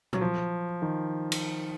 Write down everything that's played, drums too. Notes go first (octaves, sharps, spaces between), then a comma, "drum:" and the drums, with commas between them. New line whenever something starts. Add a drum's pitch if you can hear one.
F#3, drum: tom A#2
F3
D#3
drum: cymbal